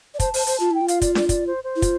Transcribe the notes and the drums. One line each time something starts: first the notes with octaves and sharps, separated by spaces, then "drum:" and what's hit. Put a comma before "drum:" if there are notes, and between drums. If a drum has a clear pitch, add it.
D5
C5 A5, drum: kick, hi-hat
C5, drum: open hi-hat
A5
C5, drum: hi-hat
F4 A5
E4 G5
F4
F5, drum: hi-hat
D5, drum: kick, hi-hat
D5, drum: snare D4
D5, drum: kick, hi-hat
C5
C5
E4
F4, drum: kick, hi-hat